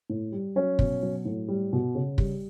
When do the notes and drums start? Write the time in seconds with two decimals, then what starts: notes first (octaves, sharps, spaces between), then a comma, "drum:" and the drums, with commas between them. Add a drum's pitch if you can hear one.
0.10 A2
0.32 G3
0.56 F#3 C#4
0.79 B2, drum: kick
1.03 F#3
1.25 A2
1.48 G3
1.73 B2
1.95 C#3
2.18 G3, drum: kick